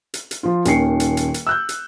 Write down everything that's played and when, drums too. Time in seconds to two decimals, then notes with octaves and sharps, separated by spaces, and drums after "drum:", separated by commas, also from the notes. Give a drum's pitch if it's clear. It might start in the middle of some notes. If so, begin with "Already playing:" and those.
0.14 drum: hi-hat
0.31 drum: hi-hat
0.43 F3 F4
0.65 D#1 D#3 C#4 C7 C#7, drum: hi-hat
1.00 drum: hi-hat
1.17 drum: hi-hat
1.34 drum: hi-hat
1.47 E6 F#6 G6
1.69 drum: hi-hat